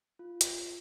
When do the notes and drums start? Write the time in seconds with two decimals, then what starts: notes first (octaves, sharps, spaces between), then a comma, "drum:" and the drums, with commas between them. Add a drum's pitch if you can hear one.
0.19 F4
0.41 drum: hi-hat